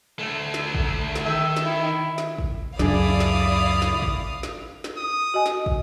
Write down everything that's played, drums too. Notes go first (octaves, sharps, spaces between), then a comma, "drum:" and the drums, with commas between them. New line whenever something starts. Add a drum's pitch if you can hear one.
D2 A3
drum: snare
drum: kick
drum: snare
D#3 E5
drum: snare
E4
drum: snare
drum: kick
C#2 F#2 D4 E4 G#4 D5 F5 D#6, drum: snare
drum: snare
drum: snare
drum: kick
drum: snare
drum: snare
D#6
F#4 D#5 G#5
drum: snare
drum: kick